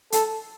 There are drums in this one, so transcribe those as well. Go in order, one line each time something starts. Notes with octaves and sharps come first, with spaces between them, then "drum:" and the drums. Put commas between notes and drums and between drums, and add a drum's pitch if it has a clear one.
A4, drum: hi-hat